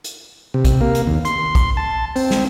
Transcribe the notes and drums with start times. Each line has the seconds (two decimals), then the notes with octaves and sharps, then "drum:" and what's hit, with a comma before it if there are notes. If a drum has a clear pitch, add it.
0.04 drum: hi-hat
0.54 C3
0.65 drum: kick, hi-hat
0.81 A#3
0.95 drum: hi-hat
1.07 D#2
1.25 C6, drum: hi-hat
1.55 drum: kick, hi-hat
1.77 A5
2.16 C4, drum: open hi-hat
2.30 drum: snare